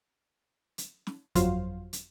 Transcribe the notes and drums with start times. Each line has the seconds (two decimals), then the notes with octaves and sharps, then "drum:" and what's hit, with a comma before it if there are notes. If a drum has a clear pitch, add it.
0.78 drum: hi-hat
1.07 drum: snare
1.35 G1 F2 F#3 F4 C5 F5, drum: hi-hat
1.93 drum: hi-hat